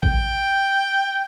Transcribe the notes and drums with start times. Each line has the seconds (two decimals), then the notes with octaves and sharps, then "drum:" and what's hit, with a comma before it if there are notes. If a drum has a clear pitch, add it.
0.03 G5, drum: kick A1